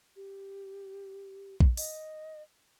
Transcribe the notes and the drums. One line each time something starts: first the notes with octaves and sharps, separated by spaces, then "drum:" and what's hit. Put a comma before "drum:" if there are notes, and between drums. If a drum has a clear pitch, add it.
G4
drum: kick A#1
D#5, drum: open hi-hat